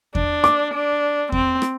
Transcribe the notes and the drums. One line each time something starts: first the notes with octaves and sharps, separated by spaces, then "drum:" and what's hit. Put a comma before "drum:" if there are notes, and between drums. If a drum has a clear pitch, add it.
D4, drum: kick E2
D6, drum: rim click
D4
C4, drum: kick E2
drum: rim click